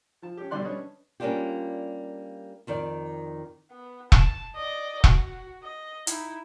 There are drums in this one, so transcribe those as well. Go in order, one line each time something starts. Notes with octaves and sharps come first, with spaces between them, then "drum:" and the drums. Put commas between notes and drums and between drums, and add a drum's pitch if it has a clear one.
F3 A5
C#4 G4
B2 D3 G3 D5 C6 F#6
G3 C#4 D4 B4 C#5 D#5
G3 A#3 C#4 D4 F4 G4
F2 D#3 D5
B3
A5, drum: kick E1
D5 D#5
F#4, drum: kick E1
D#5
D#4 E4, drum: hi-hat